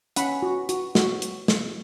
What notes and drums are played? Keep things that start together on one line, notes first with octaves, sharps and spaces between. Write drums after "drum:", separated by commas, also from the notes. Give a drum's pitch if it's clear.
C#4 F#5 B5, drum: hi-hat
F#4
F#4, drum: hi-hat
F#4, drum: snare
drum: hi-hat
drum: snare